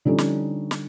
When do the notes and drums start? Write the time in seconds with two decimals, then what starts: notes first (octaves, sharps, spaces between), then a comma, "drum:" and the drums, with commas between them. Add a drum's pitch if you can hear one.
0.05 D3 F3 G3 C#4 D#4 A4
0.18 drum: snare
0.71 drum: snare